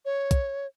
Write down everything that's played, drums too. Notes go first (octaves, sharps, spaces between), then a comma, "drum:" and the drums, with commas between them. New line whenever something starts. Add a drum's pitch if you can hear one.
C#5
drum: kick, hi-hat